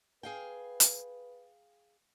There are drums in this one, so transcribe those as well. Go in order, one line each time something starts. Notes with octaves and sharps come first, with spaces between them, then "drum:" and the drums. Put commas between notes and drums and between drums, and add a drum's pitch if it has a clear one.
G#4 B4 F5 G5
drum: hi-hat